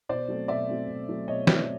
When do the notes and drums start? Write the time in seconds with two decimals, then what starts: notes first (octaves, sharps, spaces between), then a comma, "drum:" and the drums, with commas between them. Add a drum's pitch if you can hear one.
0.09 B2 C5 D5
0.28 F#3 A3 C4
0.48 B2 D5 E5
0.69 F#3 A3 C4
0.88 B2
1.08 F#3 A3 C4
1.28 B2 C#5 D#5
1.47 F#3 A3 C4, drum: snare